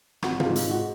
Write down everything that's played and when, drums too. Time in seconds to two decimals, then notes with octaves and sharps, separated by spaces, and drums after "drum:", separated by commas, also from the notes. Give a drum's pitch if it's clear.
0.22 G#1 F#4, drum: rim click
0.40 F4, drum: tom
0.44 G#2
0.56 F4, drum: hi-hat
0.66 G#2 F#4